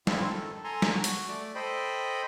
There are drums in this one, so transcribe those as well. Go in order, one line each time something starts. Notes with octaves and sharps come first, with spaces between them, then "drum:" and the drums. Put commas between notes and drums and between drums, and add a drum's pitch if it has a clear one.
F#2 A2 G3 C4 E4 F4, drum: snare
D#3 A4
A4 G#5 A#5 C6
drum: snare
F#4
drum: hi-hat
A3 D5
A4 C5 D#5 G5 B5